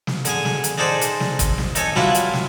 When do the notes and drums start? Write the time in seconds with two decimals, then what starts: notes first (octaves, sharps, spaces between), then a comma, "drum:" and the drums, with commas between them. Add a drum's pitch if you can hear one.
0.07 drum: snare
0.25 D3 G#4 G#5, drum: hi-hat
0.45 drum: snare
0.64 drum: hi-hat
0.78 D4 D#4 G#4 A4 C5 D5
1.01 drum: hi-hat
1.20 drum: snare
1.39 drum: kick, hi-hat
1.58 drum: snare
1.75 D#4 A4 C#5 G#5, drum: hi-hat
1.96 F#3 G3 D4 E4 F4 B4, drum: snare
2.14 drum: hi-hat
2.33 drum: snare